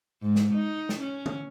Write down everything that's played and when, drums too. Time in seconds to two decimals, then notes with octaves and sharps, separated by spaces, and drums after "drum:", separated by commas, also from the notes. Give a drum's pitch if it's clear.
0.22 G#2
0.35 drum: snare
0.54 D#4
0.89 drum: snare
1.01 C#4
1.26 drum: tom